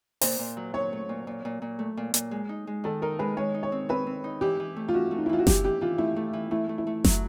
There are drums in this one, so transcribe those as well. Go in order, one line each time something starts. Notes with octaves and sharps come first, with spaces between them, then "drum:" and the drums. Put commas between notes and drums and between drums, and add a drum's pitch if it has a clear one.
A#2 C5, drum: open hi-hat
A#2
F#3
F#3 C#5
A3
A#2
A#2
A#2
A#2
A3
A#2
A#2, drum: hi-hat
G#3
D#4
G#3
D#3 A4
D#4 A#4
G#3 B4
G#3 C#5
D#4
C#5
C4
C4 B4
C4
D#4
E3 G4
E3
A3
F4
C#4 F#4
A3
D#4
E4
E3 F4
F#4
E3 G4, drum: snare F#1
E3 G4
E3 F4
A3 E4
A3
E3
A3 E4
A3
E4
A3
F#3, drum: snare F#1